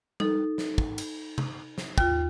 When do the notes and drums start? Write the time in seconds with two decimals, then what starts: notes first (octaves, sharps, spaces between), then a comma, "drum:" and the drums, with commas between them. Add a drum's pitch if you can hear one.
0.20 D#4 A4, drum: tom G3
0.58 drum: snare
0.78 drum: kick
0.98 drum: cymbal
1.38 drum: tom C3
1.78 drum: snare
1.98 D#2 F4, drum: kick